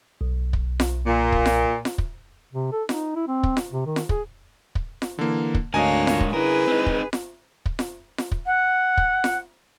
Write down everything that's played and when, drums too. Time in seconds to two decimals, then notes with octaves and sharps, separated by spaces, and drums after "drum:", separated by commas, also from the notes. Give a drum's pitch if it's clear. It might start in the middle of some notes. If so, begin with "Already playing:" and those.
0.21 B1
0.53 drum: kick
0.80 drum: snare F4
1.06 A#2
1.32 drum: kick
1.46 drum: snare F4
1.85 drum: snare F4
1.98 drum: kick
2.53 C3
2.72 A4
2.89 D#4, drum: snare F4
3.16 E4
3.28 C4
3.43 drum: kick
3.57 drum: snare F4
3.72 C3
3.86 D#3
3.96 drum: snare F4
4.09 G#4, drum: kick
4.75 drum: kick
5.02 drum: snare F4
5.19 D3 E3 A#3
5.54 drum: kick
5.74 D2 G#2 D4 A#4 C#5 D#5 F5 G#5
6.07 drum: snare F4
6.20 drum: kick
6.34 C#3 E4 G#4 A#4 B4
6.67 C4 D#4
6.86 drum: kick
7.13 drum: snare F4
7.66 drum: kick
7.79 drum: snare F4
8.18 drum: snare F4
8.32 drum: kick
8.46 F#5
8.97 drum: kick
9.24 drum: snare F4